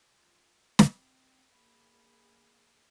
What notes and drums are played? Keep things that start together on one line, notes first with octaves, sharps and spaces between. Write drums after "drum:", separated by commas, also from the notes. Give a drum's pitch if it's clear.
F4
drum: snare
C4
A#3 G#4 B5